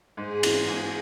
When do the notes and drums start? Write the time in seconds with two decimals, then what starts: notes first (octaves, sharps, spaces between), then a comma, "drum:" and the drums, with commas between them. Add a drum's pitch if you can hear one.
0.17 G#2 G#4 G#5
0.43 E3 C#4, drum: cymbal
0.68 G#2 G#4 G#5